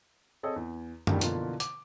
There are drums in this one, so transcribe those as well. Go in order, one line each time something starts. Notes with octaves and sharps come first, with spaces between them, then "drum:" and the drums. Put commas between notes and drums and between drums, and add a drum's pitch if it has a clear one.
C4 G#4 A4 C#5 D#5
E2
A1 D2 G#2 D3 D#3 G3, drum: tom F#2
B2 D3 E3 F3 A#3 F4, drum: hi-hat
D6, drum: hi-hat